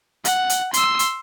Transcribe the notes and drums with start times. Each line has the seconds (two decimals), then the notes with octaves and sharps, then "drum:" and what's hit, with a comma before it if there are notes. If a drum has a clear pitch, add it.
0.25 F#5, drum: hi-hat
0.50 drum: hi-hat
0.74 C6 E6, drum: hi-hat
0.99 drum: hi-hat